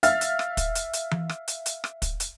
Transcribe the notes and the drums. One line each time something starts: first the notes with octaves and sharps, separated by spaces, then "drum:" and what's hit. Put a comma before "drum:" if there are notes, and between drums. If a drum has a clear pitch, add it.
E5 F5 F6 A6, drum: hi-hat
drum: hi-hat
drum: rim click
drum: kick, hi-hat
drum: hi-hat
drum: hi-hat
drum: tom E3
drum: rim click
drum: hi-hat
drum: hi-hat
drum: rim click
drum: kick, hi-hat
drum: hi-hat